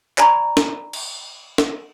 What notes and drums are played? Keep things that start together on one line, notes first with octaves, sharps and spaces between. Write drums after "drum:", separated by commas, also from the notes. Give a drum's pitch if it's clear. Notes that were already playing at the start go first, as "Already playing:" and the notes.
D5 G#5 A#5 B5 C#6, drum: clap
drum: snare
drum: cymbal
drum: snare